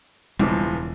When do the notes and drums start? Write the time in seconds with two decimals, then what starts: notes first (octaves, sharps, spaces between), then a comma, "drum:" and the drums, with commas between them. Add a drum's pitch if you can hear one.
0.39 E1 C#2 E3 F3, drum: tom G3